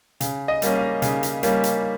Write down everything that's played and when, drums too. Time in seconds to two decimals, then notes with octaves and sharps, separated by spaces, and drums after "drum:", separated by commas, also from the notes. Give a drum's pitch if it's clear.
0.21 C#3, drum: hi-hat
0.48 D#5
0.62 G3 A#3 C#4, drum: hi-hat
0.75 F5
1.02 C#3, drum: hi-hat
1.23 drum: hi-hat
1.43 G3 A#3 C#4, drum: hi-hat
1.64 drum: hi-hat